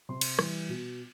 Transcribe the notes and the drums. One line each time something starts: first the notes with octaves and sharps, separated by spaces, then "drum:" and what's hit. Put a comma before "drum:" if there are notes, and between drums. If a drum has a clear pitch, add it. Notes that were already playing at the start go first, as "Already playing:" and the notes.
C3 C6
drum: cymbal
E3 G3, drum: rim click
B2